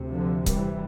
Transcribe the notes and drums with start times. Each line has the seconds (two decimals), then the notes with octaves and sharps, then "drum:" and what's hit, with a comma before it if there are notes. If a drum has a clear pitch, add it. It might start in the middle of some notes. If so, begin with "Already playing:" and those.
Already playing: D2 C3
0.10 D3 F3
0.46 E3 G3, drum: kick C#1, hi-hat